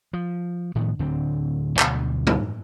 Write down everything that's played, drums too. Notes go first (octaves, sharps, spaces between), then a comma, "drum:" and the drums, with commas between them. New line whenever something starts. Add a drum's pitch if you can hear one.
F3
A2 D#3 F3 B3
D1 D2 D3 C4
D2 B2 D3 F#3, drum: clap
drum: tom G2